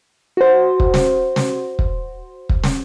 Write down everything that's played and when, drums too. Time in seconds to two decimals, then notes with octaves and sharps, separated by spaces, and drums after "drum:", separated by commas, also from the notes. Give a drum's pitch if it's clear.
0.37 F#4 C5
0.80 drum: kick
0.94 drum: snare
1.36 drum: snare
1.79 drum: kick
2.49 drum: kick
2.64 drum: snare